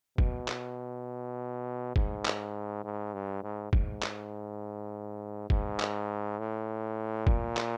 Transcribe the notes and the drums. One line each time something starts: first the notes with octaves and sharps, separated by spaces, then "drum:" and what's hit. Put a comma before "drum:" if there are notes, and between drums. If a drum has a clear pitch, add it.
B2, drum: kick
drum: clap
G#2, drum: kick
drum: clap
G#2
G2
G#2
G#2, drum: kick
drum: clap
G#2, drum: kick
drum: clap
A2
A#2, drum: kick
drum: clap